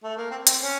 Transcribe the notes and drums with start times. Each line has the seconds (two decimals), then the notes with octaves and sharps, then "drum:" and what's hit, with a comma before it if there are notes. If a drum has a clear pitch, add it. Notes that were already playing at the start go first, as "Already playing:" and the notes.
0.04 A3
0.17 A#3
0.31 C4
0.47 C4, drum: hi-hat
0.63 C#4